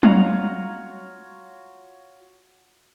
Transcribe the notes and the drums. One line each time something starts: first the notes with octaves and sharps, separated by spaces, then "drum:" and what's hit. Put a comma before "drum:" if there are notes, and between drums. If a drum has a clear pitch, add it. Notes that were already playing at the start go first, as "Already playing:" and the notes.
F4 F#4 C#5 F5 A#5, drum: tom F#3